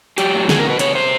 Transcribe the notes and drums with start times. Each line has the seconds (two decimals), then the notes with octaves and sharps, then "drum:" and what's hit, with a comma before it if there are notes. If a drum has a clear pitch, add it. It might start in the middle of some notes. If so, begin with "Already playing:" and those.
0.18 F#3 G4, drum: hi-hat
0.34 A2
0.49 B2 G#4, drum: snare
0.59 A#4
0.65 B2 B4
0.79 C3 C#5, drum: hi-hat
0.95 C3 C5